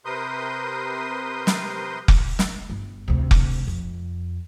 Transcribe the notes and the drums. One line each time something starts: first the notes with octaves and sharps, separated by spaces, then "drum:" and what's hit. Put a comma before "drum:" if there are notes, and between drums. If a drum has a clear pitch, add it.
C3 A#4 B4 C6 D#6 G6
drum: snare
drum: kick F1
drum: snare
G1
D2 C3
drum: kick F1
F2